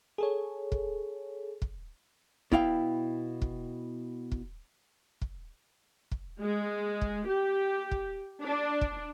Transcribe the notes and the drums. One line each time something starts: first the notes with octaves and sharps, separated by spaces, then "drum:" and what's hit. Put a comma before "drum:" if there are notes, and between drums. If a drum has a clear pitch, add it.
G#4 A4 C#5
drum: kick
drum: kick
B2 E4 F5 G5, drum: kick
drum: kick
drum: kick
drum: kick
drum: kick
G#3
drum: kick
G4
drum: kick
D4
drum: kick